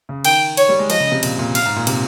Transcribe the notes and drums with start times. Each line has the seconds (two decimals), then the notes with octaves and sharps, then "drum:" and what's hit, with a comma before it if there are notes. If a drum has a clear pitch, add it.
0.09 C#3
0.25 D#3 G5, drum: cymbal
0.57 C#5, drum: cymbal
0.69 G3
0.79 G#3
0.90 F3 D#5, drum: cymbal
1.00 C#3
1.12 C3
1.23 A#2, drum: cymbal
1.39 A#2
1.55 F5, drum: cymbal
1.66 G#2
1.76 A#2
1.87 C3, drum: cymbal